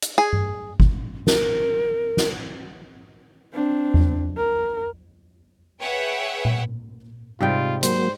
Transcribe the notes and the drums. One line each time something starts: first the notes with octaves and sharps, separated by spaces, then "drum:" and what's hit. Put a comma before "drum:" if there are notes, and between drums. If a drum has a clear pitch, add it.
drum: hi-hat
G#4
drum: tom G2
drum: kick
A#4, drum: snare
drum: snare
C4 D4
drum: tom E2
A#4
G#4 B4 C#5 E5 F#5 G5
drum: tom A#2
G#2 C3 G3 F4 G5
F#3 A#3 C5, drum: hi-hat